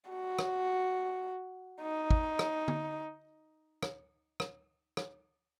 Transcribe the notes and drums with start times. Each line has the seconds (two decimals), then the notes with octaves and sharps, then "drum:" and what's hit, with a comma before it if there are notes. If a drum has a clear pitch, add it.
0.10 F#4
0.39 drum: rim click
1.82 D#4
2.11 drum: kick
2.39 drum: rim click
2.68 drum: tom D3
3.83 drum: rim click
4.40 drum: rim click
4.97 drum: rim click